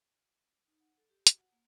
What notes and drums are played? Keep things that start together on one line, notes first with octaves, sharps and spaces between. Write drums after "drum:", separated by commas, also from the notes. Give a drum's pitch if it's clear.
D#4
F#5
A4
G4
F#4, drum: hi-hat
F#5
A#3